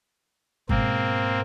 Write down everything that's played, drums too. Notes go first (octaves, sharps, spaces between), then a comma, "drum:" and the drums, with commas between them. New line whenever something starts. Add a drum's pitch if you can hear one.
G#2 B2 A#3 C4, drum: kick